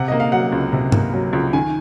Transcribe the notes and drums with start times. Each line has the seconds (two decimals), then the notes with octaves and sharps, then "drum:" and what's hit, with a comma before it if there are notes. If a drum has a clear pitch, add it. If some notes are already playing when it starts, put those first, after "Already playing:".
Already playing: C3 F#5
0.08 A#3 D#5
0.20 F5
0.32 F#3 F#5
0.52 C#2
0.73 C3
0.92 A#3, drum: tom G2
1.14 F#3
1.33 C#2
1.53 D#3 G#5